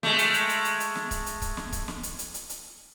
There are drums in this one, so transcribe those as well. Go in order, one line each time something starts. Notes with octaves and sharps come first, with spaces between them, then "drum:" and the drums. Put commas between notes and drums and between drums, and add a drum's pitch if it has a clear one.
G#3 A3, drum: snare
drum: hi-hat
drum: hi-hat
drum: hi-hat
drum: hi-hat
drum: hi-hat
drum: snare
drum: kick C#1, hi-hat
drum: hi-hat
drum: kick C#1, hi-hat
drum: snare
drum: kick C#1, hi-hat
drum: snare
drum: hi-hat
drum: hi-hat
drum: hi-hat
drum: hi-hat